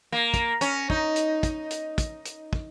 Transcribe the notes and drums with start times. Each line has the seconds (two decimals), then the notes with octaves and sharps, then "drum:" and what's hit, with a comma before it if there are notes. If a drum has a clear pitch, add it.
0.12 A#3
0.34 drum: kick, hi-hat
0.61 C#4, drum: hi-hat
0.90 D#4, drum: kick
1.16 drum: hi-hat
1.43 drum: kick, hi-hat
1.71 drum: hi-hat
1.98 drum: kick, hi-hat
2.25 drum: hi-hat
2.53 drum: kick